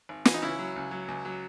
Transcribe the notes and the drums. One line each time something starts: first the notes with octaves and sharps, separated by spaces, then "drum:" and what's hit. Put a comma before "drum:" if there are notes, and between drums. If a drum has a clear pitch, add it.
G#1
E3, drum: snare
D#4
C#2 C#4 E4
F#3
C#2
F#3
C#2
F#3